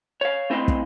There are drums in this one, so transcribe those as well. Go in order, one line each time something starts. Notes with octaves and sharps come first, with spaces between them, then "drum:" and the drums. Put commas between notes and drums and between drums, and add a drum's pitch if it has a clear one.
C#5 F5
A3 C4 E4 D#5 F5 C6
drum: kick